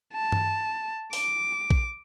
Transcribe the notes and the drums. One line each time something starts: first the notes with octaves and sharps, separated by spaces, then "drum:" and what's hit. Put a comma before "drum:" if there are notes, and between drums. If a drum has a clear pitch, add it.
A5
drum: tom G2
D6, drum: open hi-hat
drum: kick A#1